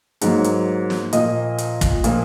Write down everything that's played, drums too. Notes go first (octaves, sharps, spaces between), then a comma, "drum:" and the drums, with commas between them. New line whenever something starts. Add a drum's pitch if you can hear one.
G#2 F#3 A#3, drum: hi-hat
drum: hi-hat
drum: snare
A#2 F3 A#3 D#5, drum: hi-hat
drum: hi-hat
drum: kick, hi-hat
A#2 F3 A#3, drum: hi-hat